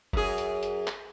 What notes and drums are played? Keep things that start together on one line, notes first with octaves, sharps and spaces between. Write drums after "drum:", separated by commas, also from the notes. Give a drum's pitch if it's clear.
F#2 G#4, drum: kick F#1
drum: hi-hat
drum: hi-hat
drum: clap